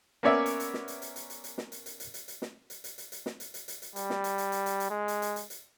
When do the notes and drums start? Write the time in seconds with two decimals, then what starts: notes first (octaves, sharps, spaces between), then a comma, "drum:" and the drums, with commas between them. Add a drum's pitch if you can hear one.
0.23 A#3 B3 C#4 C#5 D5 E5
0.46 drum: hi-hat
0.60 drum: hi-hat
0.74 drum: snare
0.88 drum: hi-hat
1.02 drum: hi-hat
1.16 drum: hi-hat
1.30 drum: hi-hat
1.44 drum: hi-hat
1.58 drum: snare
1.72 drum: hi-hat
1.86 drum: hi-hat
2.00 drum: hi-hat
2.14 drum: hi-hat
2.28 drum: hi-hat
2.42 drum: snare
2.70 drum: hi-hat
2.84 drum: hi-hat
2.98 drum: hi-hat
3.12 drum: hi-hat
3.26 drum: snare
3.40 drum: hi-hat
3.54 drum: hi-hat
3.68 drum: hi-hat
3.82 drum: hi-hat
3.96 G3, drum: hi-hat
4.10 drum: snare
4.24 drum: hi-hat
4.38 drum: hi-hat
4.52 drum: hi-hat
4.66 drum: hi-hat
4.80 drum: hi-hat
4.90 G#3
5.08 drum: hi-hat
5.22 drum: hi-hat
5.36 drum: hi-hat
5.50 drum: hi-hat